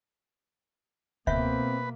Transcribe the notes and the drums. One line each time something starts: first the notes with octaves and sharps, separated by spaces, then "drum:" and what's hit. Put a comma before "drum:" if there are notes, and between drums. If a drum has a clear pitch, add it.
B2 A#3 C4 B4 E5 G5, drum: kick C#2